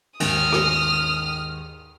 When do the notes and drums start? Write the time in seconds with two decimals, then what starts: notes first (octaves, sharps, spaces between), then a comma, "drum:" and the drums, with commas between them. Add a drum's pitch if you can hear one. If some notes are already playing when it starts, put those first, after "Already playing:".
0.20 D#2 G#2 D#3 D#6 F6, drum: cymbal
0.53 drum: rim click